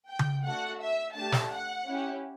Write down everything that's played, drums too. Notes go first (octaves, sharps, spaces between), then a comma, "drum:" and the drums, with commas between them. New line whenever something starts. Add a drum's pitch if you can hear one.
G5
drum: tom C#3
A3 D4 F#4 A4 F#5
E5
A3 D4 G4 A5
drum: snare
F#5
C#4 E4 G4